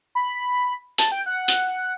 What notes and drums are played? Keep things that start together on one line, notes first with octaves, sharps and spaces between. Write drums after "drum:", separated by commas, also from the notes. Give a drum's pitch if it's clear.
B5
A5, drum: hi-hat
G5
F#5
drum: hi-hat